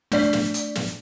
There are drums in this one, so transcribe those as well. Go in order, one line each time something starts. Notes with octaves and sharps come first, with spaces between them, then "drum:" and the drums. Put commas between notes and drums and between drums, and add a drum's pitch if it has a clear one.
A3 D4 D5 B6, drum: snare
drum: snare
drum: hi-hat
drum: snare